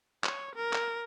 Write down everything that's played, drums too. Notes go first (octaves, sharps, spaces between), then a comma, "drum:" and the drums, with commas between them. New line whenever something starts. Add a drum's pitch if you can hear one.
C#5, drum: clap
A#4
drum: clap